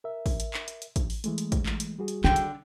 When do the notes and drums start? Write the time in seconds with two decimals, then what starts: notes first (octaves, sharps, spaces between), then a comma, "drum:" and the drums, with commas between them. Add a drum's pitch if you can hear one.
0.04 A#4 E5
0.26 drum: kick A1, open hi-hat
0.40 drum: hi-hat
0.54 drum: clap
0.68 drum: hi-hat
0.82 drum: hi-hat
0.96 drum: kick A1, hi-hat
1.10 drum: open hi-hat
1.24 E3 G#3 A3, drum: hi-hat
1.38 drum: hi-hat
1.52 drum: kick A1, hi-hat
1.66 drum: clap
1.80 drum: hi-hat
1.99 G3 F#4 G#4
2.08 drum: hi-hat
2.24 D3 D4 G5, drum: clap
2.36 drum: hi-hat